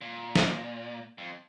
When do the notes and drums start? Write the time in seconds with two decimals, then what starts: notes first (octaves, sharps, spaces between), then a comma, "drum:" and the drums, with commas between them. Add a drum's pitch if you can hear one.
0.01 A#2
0.35 drum: snare
1.18 F2